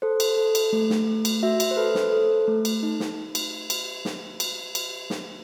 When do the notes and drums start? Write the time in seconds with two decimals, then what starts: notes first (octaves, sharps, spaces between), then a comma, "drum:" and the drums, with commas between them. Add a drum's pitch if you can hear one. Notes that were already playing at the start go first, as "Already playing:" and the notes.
0.02 A4 C5
0.20 drum: cymbal
0.37 A4
0.55 drum: cymbal
0.73 A3
0.90 drum: snare
1.07 A3
1.25 drum: cymbal
1.43 F#4 E5
1.60 drum: cymbal
1.71 C5
1.77 A4 B4
1.95 C5, drum: snare
2.12 A4
2.48 A3
2.65 drum: cymbal
2.83 D#4
3.00 drum: snare
3.35 drum: cymbal
3.70 drum: cymbal
4.05 drum: snare
4.40 drum: cymbal
4.75 drum: cymbal
5.10 drum: snare